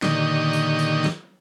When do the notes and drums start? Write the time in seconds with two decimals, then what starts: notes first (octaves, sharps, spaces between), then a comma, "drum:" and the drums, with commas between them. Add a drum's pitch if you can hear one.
0.02 A#2 D3 D#3 G4 D#5 C#6, drum: snare
0.53 drum: tambourine
0.79 drum: tambourine
1.04 drum: snare